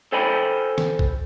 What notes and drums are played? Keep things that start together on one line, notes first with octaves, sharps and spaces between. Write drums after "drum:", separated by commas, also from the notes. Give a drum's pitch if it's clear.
A4 C5 G5 G#5 B5
drum: snare
drum: kick